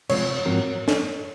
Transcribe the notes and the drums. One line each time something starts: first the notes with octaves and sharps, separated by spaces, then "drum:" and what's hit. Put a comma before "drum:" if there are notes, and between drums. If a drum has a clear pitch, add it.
C3 F3 G#3 C4 F4 C#5, drum: cymbal
G#2 F3 C4 F#4 A#4
drum: snare